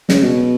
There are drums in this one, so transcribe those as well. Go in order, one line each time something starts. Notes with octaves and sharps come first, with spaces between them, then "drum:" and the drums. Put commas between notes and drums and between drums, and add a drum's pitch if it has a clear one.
C#3, drum: snare
B2